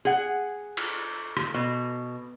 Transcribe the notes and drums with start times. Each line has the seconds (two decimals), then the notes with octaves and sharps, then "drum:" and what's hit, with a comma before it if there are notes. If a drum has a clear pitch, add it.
0.05 G#4 F#5
0.77 drum: cymbal
1.37 drum: rim click
1.54 B2